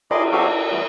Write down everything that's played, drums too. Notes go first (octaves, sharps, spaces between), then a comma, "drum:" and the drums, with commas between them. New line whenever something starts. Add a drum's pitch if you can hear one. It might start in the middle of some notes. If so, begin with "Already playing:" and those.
G#4 D#5 B5 C6 D6, drum: cymbal
F#3 C4 F#4 G4 A4 F5
A4
E3 G3 A3 B3